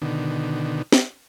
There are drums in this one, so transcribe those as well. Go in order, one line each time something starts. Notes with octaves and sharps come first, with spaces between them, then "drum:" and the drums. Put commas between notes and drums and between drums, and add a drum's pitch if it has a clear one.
B2 D3 D#3
drum: snare